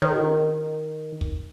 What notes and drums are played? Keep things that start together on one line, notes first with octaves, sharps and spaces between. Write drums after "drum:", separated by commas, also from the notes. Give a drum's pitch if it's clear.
D#3, drum: tom
drum: kick